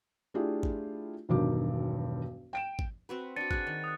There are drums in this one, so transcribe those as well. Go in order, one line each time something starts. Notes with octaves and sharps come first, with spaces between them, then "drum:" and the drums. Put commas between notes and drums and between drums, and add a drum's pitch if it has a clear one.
A3 D4 E4 F4 G4 G#4
drum: kick
E1 B1 G2 D#3 F#3 D6
G5 D7 E7
drum: kick
C4 F#4 B4
D4 F#4 A6 C#7 D#7
F#4 G#4 F#6, drum: kick
D#3
D#6 F#6